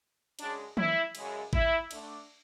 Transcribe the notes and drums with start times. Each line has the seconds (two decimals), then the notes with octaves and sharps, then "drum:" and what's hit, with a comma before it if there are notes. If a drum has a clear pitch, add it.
0.39 F#2 C#3 G#3 D4, drum: cymbal
0.77 E4, drum: tom
1.15 F#2 C#3 G#3, drum: cymbal
1.53 E4, drum: kick G#1
1.91 D3 A3 D4, drum: cymbal